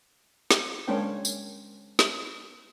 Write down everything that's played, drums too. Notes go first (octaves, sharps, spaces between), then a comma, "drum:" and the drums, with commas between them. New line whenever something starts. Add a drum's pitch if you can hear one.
drum: snare
G#3 A#3 C#4 D4 C5 G5
drum: tambourine
drum: snare